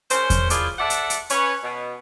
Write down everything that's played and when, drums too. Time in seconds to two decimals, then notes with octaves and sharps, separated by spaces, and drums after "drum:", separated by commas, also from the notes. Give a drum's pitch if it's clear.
0.10 C#3 C#4 A#4 C5, drum: hi-hat
0.30 drum: kick E2, hi-hat
0.50 E4 F4 G#4 A#4 C5 D5, drum: hi-hat
0.78 A4 D5 E5 F#5
0.90 drum: hi-hat
1.10 drum: hi-hat
1.30 C#4 B4 C#5, drum: hi-hat
1.63 B2